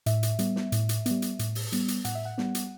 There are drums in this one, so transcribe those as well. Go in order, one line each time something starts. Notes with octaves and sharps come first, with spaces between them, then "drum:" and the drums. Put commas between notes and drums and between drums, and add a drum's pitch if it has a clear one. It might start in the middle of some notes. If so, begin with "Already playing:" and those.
A2 E5, drum: hi-hat
drum: hi-hat
G3 B3, drum: hi-hat
drum: snare
A2, drum: hi-hat
drum: hi-hat
G3 B3, drum: hi-hat
drum: hi-hat
A2, drum: hi-hat
drum: open hi-hat
G3 B3, drum: hi-hat
drum: hi-hat
A2 F#5, drum: hi-hat
E5
F#5
G3 B3, drum: snare
drum: hi-hat